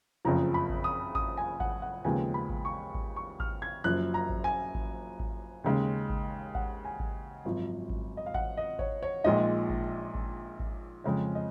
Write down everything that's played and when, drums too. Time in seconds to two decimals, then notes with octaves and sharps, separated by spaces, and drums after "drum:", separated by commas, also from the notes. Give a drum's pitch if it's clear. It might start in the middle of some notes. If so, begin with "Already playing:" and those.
0.25 F#1 F2 C#3 F3 A#5
0.54 B5
0.69 drum: kick G#1
0.84 D#6
1.15 D#6, drum: kick G#1
1.37 G#5
1.60 F#5, drum: kick G#1
1.82 F#5
2.05 D#2 C#3 F3 G#3 B3 G#5
2.34 B5
2.50 drum: kick G#1
2.65 C#6
2.95 drum: kick G#1
3.16 C#6
3.40 F6, drum: kick G#1
3.62 G#6
3.84 F#1 F#2 F3 F#6
4.14 A#5
4.30 drum: kick G#1
4.44 G#5
4.75 drum: kick G#1
5.20 drum: kick G#1
5.64 D#2 C#3 G#3 D#4
6.10 drum: kick G#1
6.55 F#5, drum: kick G#1
6.85 G#5
7.00 drum: kick G#1
7.45 G#1 F#2 F3
7.90 drum: kick G#1
8.17 D#5
8.26 F5
8.34 F#5, drum: kick G#1
8.57 D#5
8.79 C#5, drum: kick G#1
9.03 C#5
9.24 A#1 A#2 G#3 D#4 D#5
9.70 drum: kick G#1
10.15 drum: kick G#1
10.60 drum: kick G#1
11.04 F2 C#3 G#3 C#4
11.35 D#5